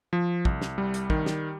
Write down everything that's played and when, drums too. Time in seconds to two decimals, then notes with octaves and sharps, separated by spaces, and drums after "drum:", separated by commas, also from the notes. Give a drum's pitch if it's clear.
0.13 F3
0.45 C2, drum: kick
0.62 drum: snare
0.78 G3
0.94 drum: hi-hat
1.10 D#3, drum: kick
1.26 drum: snare